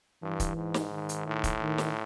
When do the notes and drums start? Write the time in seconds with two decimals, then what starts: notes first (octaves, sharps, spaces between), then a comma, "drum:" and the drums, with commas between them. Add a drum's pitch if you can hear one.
0.22 G2 E3
0.40 drum: kick, hi-hat
0.57 G#2
0.74 drum: snare
0.91 D#3
1.09 drum: hi-hat
1.27 A2
1.44 drum: kick, hi-hat
1.60 D#3
1.78 drum: snare